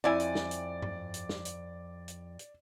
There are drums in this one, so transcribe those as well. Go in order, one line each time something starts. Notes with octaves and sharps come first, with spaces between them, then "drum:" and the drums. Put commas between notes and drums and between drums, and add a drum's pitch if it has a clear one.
F2 G3 E4 D5 G#5
drum: hi-hat
drum: snare
drum: hi-hat
drum: tom G2
drum: hi-hat
drum: snare
drum: hi-hat
drum: hi-hat
drum: hi-hat